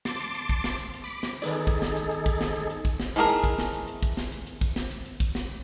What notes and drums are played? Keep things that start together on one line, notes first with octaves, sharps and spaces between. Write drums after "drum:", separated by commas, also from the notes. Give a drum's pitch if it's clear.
A5 C6 D6, drum: snare
drum: hi-hat
drum: hi-hat
drum: kick, hi-hat
drum: snare
drum: hi-hat
drum: hi-hat
B5 D6
drum: snare
D#3 D#4 G#4 A4 B4 D5
drum: hi-hat
drum: kick, hi-hat
drum: snare
drum: hi-hat
drum: hi-hat
drum: kick, hi-hat
drum: snare
drum: hi-hat
drum: hi-hat
drum: kick, hi-hat
drum: snare
E3 G#3 A3 G#4 A#4
drum: hi-hat
drum: kick, hi-hat
drum: snare
drum: hi-hat
drum: hi-hat
drum: kick, hi-hat
drum: snare
drum: hi-hat
drum: hi-hat
drum: kick, hi-hat
drum: snare
drum: hi-hat
drum: hi-hat
drum: kick, hi-hat
drum: snare